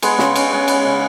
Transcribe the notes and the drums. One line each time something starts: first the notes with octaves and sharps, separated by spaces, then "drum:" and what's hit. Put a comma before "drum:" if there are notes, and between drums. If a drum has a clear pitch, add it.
G#3 B3 G#4, drum: cymbal
C#3, drum: snare
C#3, drum: cymbal
G#3
B3, drum: cymbal
C#3